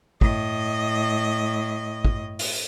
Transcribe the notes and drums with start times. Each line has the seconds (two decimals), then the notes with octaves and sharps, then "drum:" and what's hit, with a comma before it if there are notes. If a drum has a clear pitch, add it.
0.21 A2 D#5, drum: kick
2.05 drum: kick
2.39 drum: open hi-hat